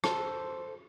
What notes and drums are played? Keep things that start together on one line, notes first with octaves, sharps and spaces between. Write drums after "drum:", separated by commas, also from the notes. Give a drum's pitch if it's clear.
A4 C5, drum: rim click